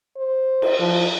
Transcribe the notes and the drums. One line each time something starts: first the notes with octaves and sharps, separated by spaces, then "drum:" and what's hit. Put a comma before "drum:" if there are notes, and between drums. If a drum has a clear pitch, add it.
C5
drum: cymbal
F3